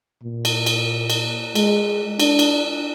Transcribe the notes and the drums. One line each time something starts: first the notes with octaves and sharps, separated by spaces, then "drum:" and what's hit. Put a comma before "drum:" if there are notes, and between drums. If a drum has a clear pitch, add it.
A#2
drum: cymbal
drum: cymbal
drum: cymbal
G#3, drum: cymbal
D4, drum: cymbal
drum: cymbal